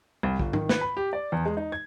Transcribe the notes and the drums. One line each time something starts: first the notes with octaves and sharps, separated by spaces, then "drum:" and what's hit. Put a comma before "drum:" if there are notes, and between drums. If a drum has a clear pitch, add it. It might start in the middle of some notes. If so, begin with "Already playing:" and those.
C2
G1, drum: kick
D#3, drum: tom G#2
B4, drum: snare
B5
G4
D5
E2
G#3
D#4
G#6